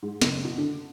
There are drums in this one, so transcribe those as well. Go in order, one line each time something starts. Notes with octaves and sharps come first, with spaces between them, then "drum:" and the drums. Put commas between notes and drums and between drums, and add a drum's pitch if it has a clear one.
G#2
F#1, drum: snare
B2
D3